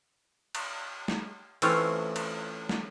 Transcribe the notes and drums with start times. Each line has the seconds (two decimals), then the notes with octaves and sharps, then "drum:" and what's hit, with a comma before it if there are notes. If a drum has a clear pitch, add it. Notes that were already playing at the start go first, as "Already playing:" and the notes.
0.55 drum: cymbal
1.08 drum: snare
1.62 E3 A3 C4 C#4 F4 C#5, drum: cymbal
2.16 drum: cymbal
2.69 drum: snare